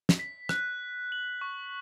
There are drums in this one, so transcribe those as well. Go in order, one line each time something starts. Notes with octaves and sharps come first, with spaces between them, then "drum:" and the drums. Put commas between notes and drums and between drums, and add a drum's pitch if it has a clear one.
drum: snare
B6
F#6, drum: rim click
F#7
C#6